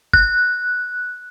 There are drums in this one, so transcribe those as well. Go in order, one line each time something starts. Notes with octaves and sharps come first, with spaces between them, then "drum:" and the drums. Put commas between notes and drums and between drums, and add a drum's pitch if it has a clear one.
F#6, drum: kick